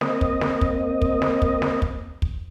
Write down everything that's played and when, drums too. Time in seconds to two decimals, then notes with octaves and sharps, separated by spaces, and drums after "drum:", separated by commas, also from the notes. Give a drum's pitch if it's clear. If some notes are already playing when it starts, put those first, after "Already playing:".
0.01 A#3 C4 D#5, drum: snare
0.21 drum: kick
0.41 drum: snare
0.61 drum: kick
1.02 drum: kick
1.22 drum: snare
1.42 drum: kick
1.62 drum: snare
1.82 drum: kick
2.22 drum: kick